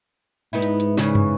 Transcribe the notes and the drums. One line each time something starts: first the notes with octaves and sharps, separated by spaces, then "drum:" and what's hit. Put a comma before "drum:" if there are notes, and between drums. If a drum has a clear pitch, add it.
G#2 B3 D#4 E4
drum: hi-hat
drum: hi-hat
C#3 E3, drum: snare
drum: tom